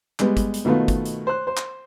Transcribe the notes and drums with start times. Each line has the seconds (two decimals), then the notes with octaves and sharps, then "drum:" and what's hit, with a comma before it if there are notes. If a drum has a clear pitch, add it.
0.19 G3 G#3 B3, drum: clap
0.37 drum: kick, hi-hat
0.54 drum: hi-hat
0.65 B2 D#3 A3 B3 F4
0.88 drum: kick, hi-hat
1.05 drum: hi-hat
1.27 C5 F#6
1.47 C5
1.57 drum: clap